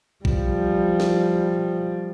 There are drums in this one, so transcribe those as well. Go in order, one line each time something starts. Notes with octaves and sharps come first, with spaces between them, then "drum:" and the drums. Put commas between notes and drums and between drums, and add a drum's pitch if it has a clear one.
F3 G3, drum: kick A#1
drum: snare